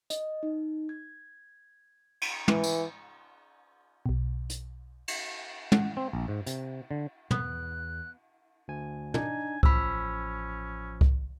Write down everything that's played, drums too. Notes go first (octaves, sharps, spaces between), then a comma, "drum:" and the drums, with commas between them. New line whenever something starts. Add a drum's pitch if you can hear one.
D#5, drum: hi-hat
D#4
G#6
drum: cymbal
E3, drum: tom
drum: tambourine
B1 B2
drum: hi-hat
drum: cymbal
F#5, drum: tom
C4
A#1
G#2
C3, drum: hi-hat
D3
E2 B3 F#6, drum: tom
D2 G#5
D4 D#4 G#5, drum: tom
A1 F3 C#4 B5 E6 B6, drum: kick C2
drum: kick C2